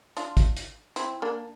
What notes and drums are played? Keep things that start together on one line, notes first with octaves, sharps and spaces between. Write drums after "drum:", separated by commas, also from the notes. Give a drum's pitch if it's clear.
D4 F4, drum: hi-hat
drum: kick, hi-hat
drum: hi-hat
C4 E4, drum: hi-hat
A#3 D4